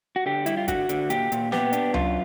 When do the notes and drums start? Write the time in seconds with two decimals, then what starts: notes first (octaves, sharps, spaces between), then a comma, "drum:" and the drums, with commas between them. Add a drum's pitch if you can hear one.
0.16 F#4
0.26 D3 G4
0.46 G3 E4, drum: hi-hat
0.57 F4
0.68 D3 F#4, drum: kick, hi-hat
0.89 D3, drum: hi-hat
1.10 A#2 G4, drum: hi-hat
1.32 A#2, drum: hi-hat
1.52 B3 G4, drum: snare
1.73 D4, drum: hi-hat
1.94 F#2 F4, drum: tom C#2